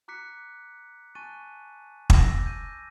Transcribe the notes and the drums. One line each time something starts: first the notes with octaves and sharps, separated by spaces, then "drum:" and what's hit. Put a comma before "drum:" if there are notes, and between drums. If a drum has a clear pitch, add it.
A#5 D6 F#6 B6 C#7
G#5 A5 C#6 F#6 A6 D#7
D6 E6 G6 A6 A#6, drum: kick
G6 D#7